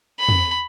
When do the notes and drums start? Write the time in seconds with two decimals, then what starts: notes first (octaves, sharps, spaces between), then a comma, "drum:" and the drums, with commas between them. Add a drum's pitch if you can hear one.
0.19 B5
0.29 drum: tom